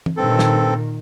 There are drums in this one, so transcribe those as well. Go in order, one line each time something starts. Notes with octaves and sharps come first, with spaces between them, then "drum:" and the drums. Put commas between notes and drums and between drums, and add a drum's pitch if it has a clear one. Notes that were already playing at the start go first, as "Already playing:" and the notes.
drum: tom E3
G2 A#2 D#3 C4 A4
drum: snare